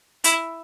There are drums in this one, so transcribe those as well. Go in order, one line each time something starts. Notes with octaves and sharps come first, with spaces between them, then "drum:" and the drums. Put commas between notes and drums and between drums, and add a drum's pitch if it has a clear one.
E4, drum: hi-hat